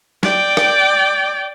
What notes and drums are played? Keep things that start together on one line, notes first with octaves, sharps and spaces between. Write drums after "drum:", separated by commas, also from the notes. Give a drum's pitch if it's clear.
D5 G5, drum: snare
drum: rim click